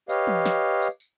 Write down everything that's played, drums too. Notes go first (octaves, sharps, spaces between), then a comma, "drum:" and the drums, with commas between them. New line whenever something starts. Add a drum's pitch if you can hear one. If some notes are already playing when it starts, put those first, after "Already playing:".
G4 B4 C#5 D#5 F5, drum: tambourine
drum: tom
drum: snare
drum: tambourine
drum: tambourine